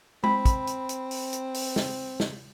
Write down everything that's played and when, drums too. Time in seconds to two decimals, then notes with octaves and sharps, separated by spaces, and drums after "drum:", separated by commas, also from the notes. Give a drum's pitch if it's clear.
0.24 C4 B5, drum: tom G#3
0.45 drum: kick, hi-hat
0.67 drum: hi-hat
0.89 drum: hi-hat
1.11 drum: open hi-hat
1.33 drum: hi-hat
1.54 drum: open hi-hat
1.76 drum: snare
2.20 drum: snare